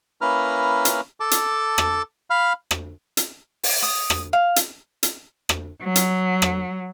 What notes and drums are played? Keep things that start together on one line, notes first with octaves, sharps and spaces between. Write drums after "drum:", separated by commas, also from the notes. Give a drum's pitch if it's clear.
A#3 C#4 E4 B4 A#5 F6
drum: hi-hat
A4 A5 D6
drum: hi-hat
drum: rim click
F5 B5 F6
drum: rim click
drum: hi-hat
drum: open hi-hat
D#6
drum: rim click
F5
drum: hi-hat
drum: hi-hat
drum: rim click
F#3
drum: hi-hat
drum: rim click